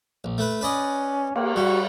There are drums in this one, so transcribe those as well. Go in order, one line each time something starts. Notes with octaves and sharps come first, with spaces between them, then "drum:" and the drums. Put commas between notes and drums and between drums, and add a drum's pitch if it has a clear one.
A#1
A3 B4
C#4 B4 D5 D#5
A#3, drum: cymbal
G3 F#4